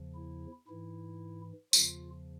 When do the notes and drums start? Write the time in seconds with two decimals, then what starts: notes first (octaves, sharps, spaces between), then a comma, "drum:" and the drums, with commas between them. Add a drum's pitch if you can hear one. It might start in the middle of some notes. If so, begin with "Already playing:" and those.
Already playing: E2 C#3 F3
0.15 E4
0.68 G#2 E3 E4
1.73 E2 C#3 F3 F4, drum: tambourine